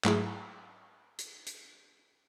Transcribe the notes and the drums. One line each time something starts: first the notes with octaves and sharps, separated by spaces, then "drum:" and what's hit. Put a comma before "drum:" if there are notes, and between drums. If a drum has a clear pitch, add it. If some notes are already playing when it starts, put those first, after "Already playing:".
G#2 F#3 A3 E4 G#4, drum: clap
drum: hi-hat
drum: hi-hat